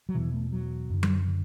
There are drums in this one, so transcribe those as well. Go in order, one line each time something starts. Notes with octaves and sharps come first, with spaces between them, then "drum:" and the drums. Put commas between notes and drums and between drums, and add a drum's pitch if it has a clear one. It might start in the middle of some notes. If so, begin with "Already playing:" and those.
F#3
E2 B2 E3
A3
F#3
F#2 D3
drum: tom F#3
D3